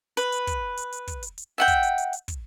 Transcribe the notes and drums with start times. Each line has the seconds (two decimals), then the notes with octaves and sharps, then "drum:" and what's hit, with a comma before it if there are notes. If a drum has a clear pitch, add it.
0.17 B4, drum: hi-hat
0.32 drum: hi-hat
0.47 drum: kick, hi-hat
0.77 drum: hi-hat
0.92 drum: hi-hat
1.07 drum: kick, hi-hat
1.23 drum: hi-hat
1.38 drum: hi-hat
1.58 E5 F#5 G5
1.68 drum: kick, hi-hat
1.83 drum: hi-hat
1.98 drum: hi-hat
2.13 drum: hi-hat
2.28 drum: kick, hi-hat